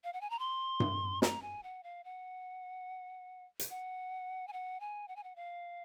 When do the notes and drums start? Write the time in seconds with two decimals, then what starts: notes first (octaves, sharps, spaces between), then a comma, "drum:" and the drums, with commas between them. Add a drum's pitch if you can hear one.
0.04 F5
0.13 F#5
0.21 G#5
0.30 A#5
0.39 C6
0.80 drum: tom G2
1.22 A#5, drum: snare
1.42 G#5
1.63 F#5
1.83 F5
2.04 F#5
3.59 drum: hi-hat
3.70 F#5
4.48 G#5
4.53 F#5
4.80 G#5
5.08 F#5
5.16 G#5
5.24 F#5
5.36 F5